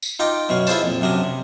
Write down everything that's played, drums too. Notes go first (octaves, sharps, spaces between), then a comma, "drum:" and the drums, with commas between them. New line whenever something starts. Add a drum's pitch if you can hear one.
drum: tambourine
D#4 F4 G5 A#5 D6
F#2 B2 C#4 F5
E4 F4 G#4 C5 A5, drum: tambourine
F2 A#2
F#2 C3 D4 A#4 D#6
C3